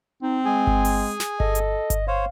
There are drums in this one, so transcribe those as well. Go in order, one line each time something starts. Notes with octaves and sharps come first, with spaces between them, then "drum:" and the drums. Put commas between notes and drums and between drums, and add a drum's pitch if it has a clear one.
C4 D#4
G#3 G#4 G#5
drum: kick G1
drum: open hi-hat
drum: snare
A4 D#5, drum: kick G1
drum: hi-hat
drum: kick G1, hi-hat
C5 C#5 F5